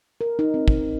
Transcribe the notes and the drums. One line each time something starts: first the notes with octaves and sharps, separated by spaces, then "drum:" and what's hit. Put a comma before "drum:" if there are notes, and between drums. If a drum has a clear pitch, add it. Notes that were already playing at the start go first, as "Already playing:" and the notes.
A#4
D#4
C4
drum: kick